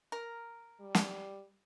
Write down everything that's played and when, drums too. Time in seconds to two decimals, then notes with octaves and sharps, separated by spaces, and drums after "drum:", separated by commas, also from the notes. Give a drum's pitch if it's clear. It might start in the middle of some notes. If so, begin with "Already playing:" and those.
0.12 A#4
0.80 G3
0.95 drum: snare